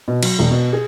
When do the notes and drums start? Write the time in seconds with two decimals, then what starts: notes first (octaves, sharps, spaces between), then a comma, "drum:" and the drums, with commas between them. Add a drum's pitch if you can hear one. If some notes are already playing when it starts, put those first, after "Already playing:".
0.08 B2
0.23 F#3, drum: cymbal
0.39 E1
0.51 B2
0.73 G#4